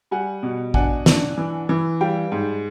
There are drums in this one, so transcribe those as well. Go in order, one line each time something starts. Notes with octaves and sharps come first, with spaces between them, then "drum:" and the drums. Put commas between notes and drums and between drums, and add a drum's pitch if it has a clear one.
G3 F#5 G#5
B2
D4 F#5 G#5, drum: kick A1
D4, drum: snare
E3
E3
G3 F5 G5
G#2